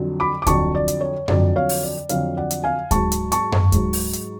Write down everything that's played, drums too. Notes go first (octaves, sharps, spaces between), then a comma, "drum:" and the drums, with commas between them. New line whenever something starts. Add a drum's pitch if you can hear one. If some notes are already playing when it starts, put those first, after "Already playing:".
Already playing: F2 D3 F#3
B5 D6
D6
F2 D3 F#3 A5 C#6, drum: kick D2, hi-hat
D5
drum: hi-hat
C#5
F2 D3 F#3 D5, drum: tom F#2
C#5 F5
drum: open hi-hat
D5
F2 D3 F#3 C#5 F5, drum: hi-hat
D5 F#5
drum: hi-hat
F5 G#5
G#2 F#3 A5 C#6, drum: kick D2, hi-hat
drum: hi-hat
A5 C#6, drum: hi-hat
drum: tom F#2
G#2 F#3, drum: kick D2, hi-hat
drum: open hi-hat
drum: hi-hat